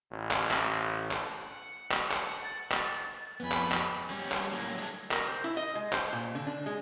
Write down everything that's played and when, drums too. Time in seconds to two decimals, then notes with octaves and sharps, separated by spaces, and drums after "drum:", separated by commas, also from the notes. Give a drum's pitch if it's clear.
0.11 A1
0.31 drum: clap
0.51 drum: clap
1.11 drum: clap
1.40 F#5
1.91 drum: clap
2.12 drum: clap
2.44 A6
2.72 drum: clap
3.40 F2 B3 G#5 B5
3.52 drum: clap
3.72 drum: clap
4.10 G3 C#4
4.32 drum: clap
4.51 A2 F#3 A#3
4.78 G#3 A3 D4
5.11 A#4, drum: clap
5.28 C5
5.44 E4
5.57 D#5
5.75 G#3
5.93 C5, drum: clap
6.13 A#2
6.35 D3
6.47 D4
6.66 G#3